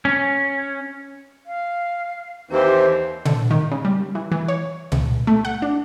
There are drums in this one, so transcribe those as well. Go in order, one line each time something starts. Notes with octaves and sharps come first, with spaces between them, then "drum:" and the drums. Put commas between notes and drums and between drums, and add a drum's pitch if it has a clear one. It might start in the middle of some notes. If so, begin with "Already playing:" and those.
C#4
F5
D#2 E3 C4 G4 C5
D3, drum: tom A#2
D#3
C#3
G3
E3
E3
C#5
C#2, drum: tom A#2
A3
F#5
D4